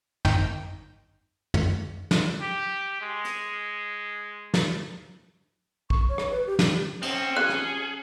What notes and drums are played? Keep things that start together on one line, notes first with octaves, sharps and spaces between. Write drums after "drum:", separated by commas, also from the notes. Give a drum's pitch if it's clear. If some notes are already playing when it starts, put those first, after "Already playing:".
G#1 D#4 G5, drum: tom
drum: tom
drum: snare
G4
G#3
drum: hi-hat
drum: snare
C#6, drum: kick
C#5
drum: rim click
B4
G4
G4, drum: snare
C4 C#4, drum: cymbal
F3 C4 G4 G#4 F#6
drum: rim click